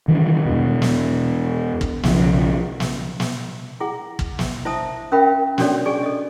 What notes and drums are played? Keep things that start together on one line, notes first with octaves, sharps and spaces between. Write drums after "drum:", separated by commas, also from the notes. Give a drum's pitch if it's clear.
D#3 E3 G3 D4
E2 B2
drum: snare
drum: kick
B1 C#3 F3, drum: snare
drum: snare
drum: snare
E4 G#4 F#5
drum: kick
drum: snare
E4 C5 E5 A5 A#5 D#6
C#4 A#4 E5 F5 G5 B5
C#4 D4 F#4 A4 C#5 D5, drum: snare
G#4 D5 G#5 C#6
A4 D#5